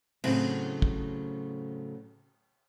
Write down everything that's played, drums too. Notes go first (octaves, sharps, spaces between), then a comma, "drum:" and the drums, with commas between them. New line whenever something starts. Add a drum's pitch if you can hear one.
A2 C#3 F#3 C4, drum: cymbal
drum: kick